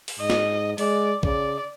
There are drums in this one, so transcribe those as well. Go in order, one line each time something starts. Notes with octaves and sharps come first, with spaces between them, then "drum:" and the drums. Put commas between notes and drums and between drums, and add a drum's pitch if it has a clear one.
drum: open hi-hat
G#2 D#5
drum: snare
G#3 D5, drum: open hi-hat
C#3 D5, drum: kick B1